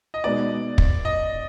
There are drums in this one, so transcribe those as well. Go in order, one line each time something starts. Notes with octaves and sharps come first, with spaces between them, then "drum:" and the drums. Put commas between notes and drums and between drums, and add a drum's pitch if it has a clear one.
D#5
B2 G#3 B3 D#4 D5
drum: kick
D#5